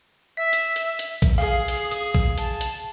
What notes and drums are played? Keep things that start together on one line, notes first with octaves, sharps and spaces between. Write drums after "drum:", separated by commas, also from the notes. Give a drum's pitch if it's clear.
E5 B6
drum: hi-hat
drum: hi-hat
drum: hi-hat
drum: kick A#1, hi-hat
G#4 F5 D#6
drum: hi-hat
drum: hi-hat
drum: kick A#1
A5, drum: hi-hat
drum: hi-hat